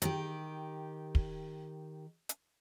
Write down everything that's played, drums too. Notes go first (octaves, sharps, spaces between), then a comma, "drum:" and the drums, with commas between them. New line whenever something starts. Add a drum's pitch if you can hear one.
D#3 G4, drum: hi-hat
drum: kick
drum: hi-hat